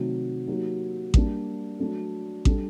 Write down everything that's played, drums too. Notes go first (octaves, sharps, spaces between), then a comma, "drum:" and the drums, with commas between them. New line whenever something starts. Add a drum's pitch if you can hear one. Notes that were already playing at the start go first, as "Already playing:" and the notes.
Already playing: C3 D#3 F#3 A3
F#3 A#3 D#4 G4
G3 A#3 D4, drum: kick A1
F#3 A3 D4 A4
G3 D4 A4, drum: kick A1